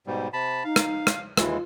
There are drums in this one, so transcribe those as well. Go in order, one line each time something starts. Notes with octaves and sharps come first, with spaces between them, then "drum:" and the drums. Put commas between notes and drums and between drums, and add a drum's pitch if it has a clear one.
G#2 B2 G3
C3 A5 B5
D#4 F5
drum: rim click
drum: rim click
D#2 E3 G#3 F4, drum: rim click